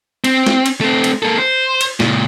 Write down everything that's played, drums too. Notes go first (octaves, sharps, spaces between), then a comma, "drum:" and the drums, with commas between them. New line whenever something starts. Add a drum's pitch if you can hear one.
C4, drum: cymbal
drum: snare
drum: cymbal
A3 C4
drum: cymbal
A#3 A4
C5
drum: cymbal
C#2 A#2, drum: snare